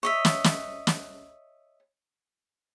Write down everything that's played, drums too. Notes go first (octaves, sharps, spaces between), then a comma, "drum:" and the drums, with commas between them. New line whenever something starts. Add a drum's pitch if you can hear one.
C#5 D#5 E5
drum: snare
drum: snare
drum: snare